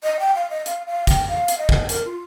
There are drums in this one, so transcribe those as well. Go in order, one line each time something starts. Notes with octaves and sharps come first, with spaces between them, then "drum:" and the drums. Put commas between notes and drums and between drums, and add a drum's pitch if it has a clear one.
D#5
G5
F5
D#5
F5, drum: hi-hat
F5
G5, drum: kick, hi-hat
F5
drum: hi-hat
D#5
drum: kick
A#4, drum: hi-hat
F4